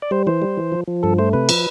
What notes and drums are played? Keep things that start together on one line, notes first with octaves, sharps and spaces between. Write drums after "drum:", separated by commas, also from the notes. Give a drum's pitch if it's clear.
D5
G3 C5
E3 C5
G3
E3
F3
F3
G2 A4
A3 C5
C3 B4
F3, drum: cymbal